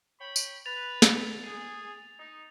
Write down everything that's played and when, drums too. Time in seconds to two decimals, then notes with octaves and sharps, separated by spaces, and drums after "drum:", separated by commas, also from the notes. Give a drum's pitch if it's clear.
0.20 C#5 G5 B5
0.36 drum: tambourine
0.66 B4 A6 F7
1.02 drum: snare
1.42 G#4
2.20 D#4